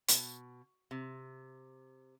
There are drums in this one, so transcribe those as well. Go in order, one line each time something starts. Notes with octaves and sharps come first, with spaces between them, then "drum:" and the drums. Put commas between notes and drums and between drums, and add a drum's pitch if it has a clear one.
B2, drum: hi-hat
C3